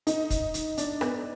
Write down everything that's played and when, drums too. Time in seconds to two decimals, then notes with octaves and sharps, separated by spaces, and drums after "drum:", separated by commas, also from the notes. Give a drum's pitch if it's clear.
0.07 D#4, drum: hi-hat
0.30 drum: kick, hi-hat
0.54 drum: hi-hat
0.78 D4, drum: hi-hat
1.01 B3, drum: rim click